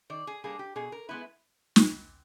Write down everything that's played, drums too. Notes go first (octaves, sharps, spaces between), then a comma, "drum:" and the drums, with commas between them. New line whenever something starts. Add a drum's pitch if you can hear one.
D#3 D5
G#4
G3 A#3 D4 G#4
G4
B2 G#4
A#4
G#3 B3 E4 B4
drum: snare